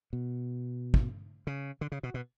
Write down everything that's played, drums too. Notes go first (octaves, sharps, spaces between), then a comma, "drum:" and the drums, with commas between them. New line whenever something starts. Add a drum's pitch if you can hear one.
B2
drum: kick
C#3
D3
C#3
B2
B2